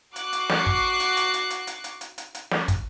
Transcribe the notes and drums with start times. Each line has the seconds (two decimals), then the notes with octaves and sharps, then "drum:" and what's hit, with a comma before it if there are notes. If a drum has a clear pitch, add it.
0.16 F#4 C#6 D6 F#6 C7, drum: hi-hat
0.33 drum: hi-hat
0.49 drum: snare
0.66 drum: kick
1.00 drum: hi-hat
1.17 drum: hi-hat
1.34 drum: hi-hat
1.50 drum: hi-hat
1.67 drum: hi-hat
1.84 drum: hi-hat
2.01 drum: hi-hat
2.18 drum: hi-hat
2.35 drum: hi-hat
2.51 drum: snare
2.68 drum: kick, hi-hat